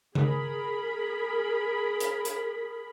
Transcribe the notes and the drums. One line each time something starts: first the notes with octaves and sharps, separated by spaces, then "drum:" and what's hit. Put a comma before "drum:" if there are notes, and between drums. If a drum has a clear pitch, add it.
G#4 A#4 B5, drum: tom C#3
drum: hi-hat
drum: hi-hat